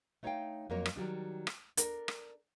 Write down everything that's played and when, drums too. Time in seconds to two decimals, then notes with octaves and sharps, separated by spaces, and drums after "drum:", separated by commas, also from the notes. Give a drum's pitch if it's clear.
0.23 A3 D#4 C#5 E5 F5 G5
0.70 F2 F#3 A#3 A#4 C#5
0.86 drum: rim click
0.96 D#3 F#3 G3 D4
1.47 drum: rim click
1.77 D4 A4 A#4, drum: hi-hat
2.08 drum: rim click